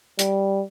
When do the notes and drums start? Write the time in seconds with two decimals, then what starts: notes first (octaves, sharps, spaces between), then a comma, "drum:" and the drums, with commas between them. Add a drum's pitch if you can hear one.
0.19 G3, drum: hi-hat